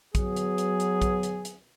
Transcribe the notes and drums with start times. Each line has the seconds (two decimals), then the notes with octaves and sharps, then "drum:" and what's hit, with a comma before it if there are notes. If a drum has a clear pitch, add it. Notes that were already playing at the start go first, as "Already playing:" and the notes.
0.15 F#3 B3 G#4, drum: kick, hi-hat
0.36 drum: hi-hat
0.58 drum: hi-hat
0.80 drum: hi-hat
1.02 drum: kick, hi-hat
1.23 drum: hi-hat
1.45 drum: hi-hat